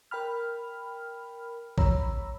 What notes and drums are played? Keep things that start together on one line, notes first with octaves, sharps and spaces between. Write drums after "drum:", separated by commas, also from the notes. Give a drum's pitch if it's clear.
A#4 G5 B5 F6
C#5 A#5 B5 E6, drum: kick